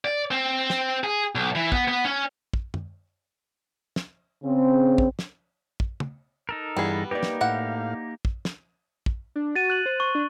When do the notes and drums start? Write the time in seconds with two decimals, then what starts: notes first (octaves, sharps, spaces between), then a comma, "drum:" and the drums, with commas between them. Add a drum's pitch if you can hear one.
0.05 D5
0.31 C4
0.70 drum: snare
1.04 G#4
1.35 B1
1.55 E3
1.72 B3, drum: kick
1.88 B3
2.05 C#4
2.53 drum: kick
2.74 drum: tom F#2
3.96 drum: snare
4.44 C#3 C4
4.98 drum: kick
5.19 drum: snare
5.80 drum: kick
6.00 drum: tom
6.49 D#4 A4 A#4
6.77 G2 E3 G3 B3 G#4
7.11 A#3 D#4 G4 B4 D5
7.23 drum: snare
7.41 A2 E4 F5 F#5
8.25 drum: kick
8.45 drum: snare
9.06 drum: kick
9.36 D4
9.56 F#4 A6 D#7
9.70 F#6 F#7
9.86 C5
10.00 C#6
10.15 D4